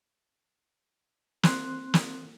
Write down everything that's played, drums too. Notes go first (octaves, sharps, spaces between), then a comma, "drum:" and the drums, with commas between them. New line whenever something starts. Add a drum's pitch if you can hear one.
C4 C6 F#6, drum: snare
drum: snare